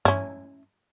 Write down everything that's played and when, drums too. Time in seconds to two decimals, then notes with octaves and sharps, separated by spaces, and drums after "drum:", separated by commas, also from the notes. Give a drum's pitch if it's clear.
0.05 C#4 E4, drum: tom G2